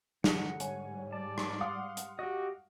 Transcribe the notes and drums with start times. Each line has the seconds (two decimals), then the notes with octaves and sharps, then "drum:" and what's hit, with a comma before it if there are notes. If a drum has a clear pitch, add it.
0.24 G2 D3 F#3 G#4 F#5, drum: snare
0.60 G#2 G3 C#5 G#5, drum: hi-hat
1.13 D5 A5
1.38 drum: rim click
1.61 F5 F#5 C6 D6 D#6
1.97 drum: hi-hat
2.19 F#4 G4 D#5